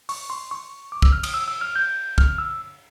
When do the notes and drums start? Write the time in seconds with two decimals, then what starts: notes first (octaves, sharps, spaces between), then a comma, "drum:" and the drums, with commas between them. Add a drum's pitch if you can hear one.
0.09 C#6, drum: open hi-hat
0.30 C6
0.51 C#6
0.92 D6
1.02 E6, drum: kick
1.12 F6
1.23 D#6, drum: cymbal
1.34 E6
1.48 E6
1.61 F6
1.75 G6
2.18 F6, drum: kick
2.38 E6